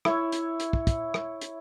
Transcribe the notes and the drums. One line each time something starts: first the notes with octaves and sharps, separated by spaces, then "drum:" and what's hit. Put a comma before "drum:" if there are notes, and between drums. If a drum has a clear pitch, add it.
E4 C#5, drum: rim click
drum: hi-hat
drum: hi-hat
drum: kick
drum: kick, hi-hat
drum: rim click
drum: hi-hat